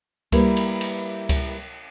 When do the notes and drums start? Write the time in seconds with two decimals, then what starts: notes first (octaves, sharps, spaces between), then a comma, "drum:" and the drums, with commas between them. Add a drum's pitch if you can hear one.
0.32 G3 A#3 E4 B4, drum: kick C#2, cymbal
0.57 drum: cymbal
0.81 drum: cymbal
1.29 drum: kick C#2, cymbal